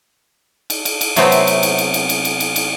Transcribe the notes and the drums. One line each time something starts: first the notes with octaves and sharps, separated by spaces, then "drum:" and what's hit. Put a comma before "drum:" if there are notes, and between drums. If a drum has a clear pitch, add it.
drum: cymbal
drum: cymbal
drum: cymbal
C3 F#3 A3 B3 C4, drum: cymbal
drum: cymbal
drum: cymbal
drum: cymbal
drum: cymbal
drum: cymbal
drum: cymbal
drum: cymbal
drum: cymbal
drum: cymbal